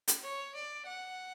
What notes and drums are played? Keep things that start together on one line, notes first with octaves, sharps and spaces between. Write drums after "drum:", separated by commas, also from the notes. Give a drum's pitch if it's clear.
drum: hi-hat
C#5
D5
F#5